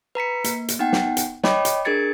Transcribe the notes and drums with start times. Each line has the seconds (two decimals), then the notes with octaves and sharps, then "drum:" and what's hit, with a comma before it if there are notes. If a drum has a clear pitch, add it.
0.15 B4 A#5 B6 C#7
0.44 A#3, drum: hi-hat
0.68 drum: hi-hat
0.79 B3 D#4 F#5 G5
0.93 drum: snare
1.17 drum: hi-hat
1.44 C#5 D#5 G5 B5 D6, drum: snare
1.65 drum: hi-hat
1.85 D4 G#4 A#4 G#6 A6 C#7